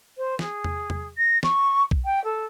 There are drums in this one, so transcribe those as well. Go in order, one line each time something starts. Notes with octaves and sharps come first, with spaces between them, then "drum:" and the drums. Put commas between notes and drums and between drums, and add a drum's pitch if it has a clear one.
C5
G#4, drum: snare
drum: tom E2
drum: tom E2
A#6
C#6, drum: snare
drum: kick B1
G5
A4